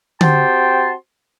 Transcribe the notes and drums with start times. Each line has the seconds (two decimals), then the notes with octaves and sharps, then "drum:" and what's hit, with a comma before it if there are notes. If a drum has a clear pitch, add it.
0.21 C4 F#4 G4 G5 A5 C6, drum: tom D3